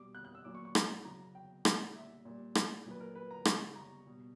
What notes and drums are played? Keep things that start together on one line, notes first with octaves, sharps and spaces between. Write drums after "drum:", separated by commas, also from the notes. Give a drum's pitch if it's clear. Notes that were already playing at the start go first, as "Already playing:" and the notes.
Already playing: B2 G3 D6
F#6
F#6
E6
A#2 F#3 D6
C#6
C#6
A#5, drum: rim click
C#3 F#3 A#5
G5
A#2 G3 F#5, drum: rim click
A#5
E5
A#2 G3
drum: rim click
A#2 F#3 B4
A#4
B4
A#5
C#3 G3 C#6, drum: rim click
A#5
B2 G3